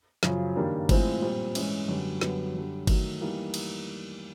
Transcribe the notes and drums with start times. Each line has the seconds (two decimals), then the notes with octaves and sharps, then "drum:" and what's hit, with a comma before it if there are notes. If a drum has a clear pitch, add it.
0.23 F#2 C#3 F3, drum: snare
0.56 G2 D#3 G3 A#3 D4
0.89 A2 F3 G#3 C4 E4, drum: kick G1, cymbal
1.22 A#2 G3 C4
1.55 G#2 E3 G#3 C#4 E4, drum: cymbal
1.88 F#2 D3 G3 B3
2.21 F#2 D3 G3 B3, drum: snare
2.54 F#2 D3 G3
2.87 D#3 F#3 A3, drum: kick G1, cymbal
3.20 E3 G3 A#3 D#4
3.54 drum: cymbal